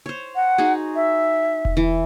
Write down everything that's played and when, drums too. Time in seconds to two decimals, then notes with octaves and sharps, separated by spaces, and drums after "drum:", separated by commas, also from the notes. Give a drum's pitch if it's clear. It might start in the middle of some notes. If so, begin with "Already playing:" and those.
0.06 C5 C#5
0.35 F#5
0.58 D#4 F#4 G#4
0.95 E5
1.65 drum: kick E1
1.77 E3